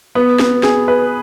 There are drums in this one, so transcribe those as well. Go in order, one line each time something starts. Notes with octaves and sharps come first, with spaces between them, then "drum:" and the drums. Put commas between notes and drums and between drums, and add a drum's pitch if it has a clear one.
B3
B3, drum: snare
G#4, drum: snare
B4